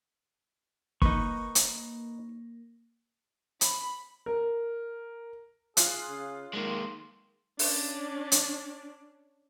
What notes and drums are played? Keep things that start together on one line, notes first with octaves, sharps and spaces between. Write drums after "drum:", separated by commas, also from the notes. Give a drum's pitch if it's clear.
A#3 D#4 B4 C#6, drum: kick F#1
drum: hi-hat
B5, drum: hi-hat
A#4
F4 G#4 F#6, drum: hi-hat
C#3
D#3 G#3 A#3 C6
C#4 D4, drum: open hi-hat
drum: hi-hat